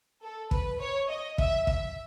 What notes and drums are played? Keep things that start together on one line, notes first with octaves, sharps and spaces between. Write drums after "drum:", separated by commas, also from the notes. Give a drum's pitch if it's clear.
A4
B4, drum: kick
C#5
D#5
E5, drum: kick
E5, drum: kick